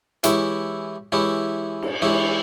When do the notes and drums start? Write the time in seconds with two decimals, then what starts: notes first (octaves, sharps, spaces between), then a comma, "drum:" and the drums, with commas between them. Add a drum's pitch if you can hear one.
0.23 E3 G#3 E4 G4 C#5, drum: hi-hat
1.12 E3 G#3 E4 G4 C#5
1.82 drum: cymbal
2.02 E3 G#3 E4 G4 C#5